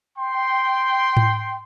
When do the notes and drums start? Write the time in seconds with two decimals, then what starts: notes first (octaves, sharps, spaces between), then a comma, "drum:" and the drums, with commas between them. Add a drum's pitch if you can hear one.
0.17 G5 C6
1.17 drum: tom A2